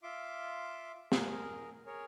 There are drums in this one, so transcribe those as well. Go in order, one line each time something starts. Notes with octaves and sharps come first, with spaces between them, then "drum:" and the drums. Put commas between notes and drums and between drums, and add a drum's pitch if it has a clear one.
F4 E5 C6 D6
G#4 A#4, drum: snare
G#4 A#4 C#5